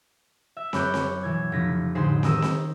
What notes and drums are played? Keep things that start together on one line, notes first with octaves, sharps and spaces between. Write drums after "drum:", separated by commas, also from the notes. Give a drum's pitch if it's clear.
E5
F#2 C#5 B5 D6 F#6 G6, drum: snare
drum: snare
B2 E3 G#6
F1 C#3 A#6 B6
A1 D3 D#4 G#4 C5 B6
D#3 A#4 D#6 E6 E7, drum: snare
drum: snare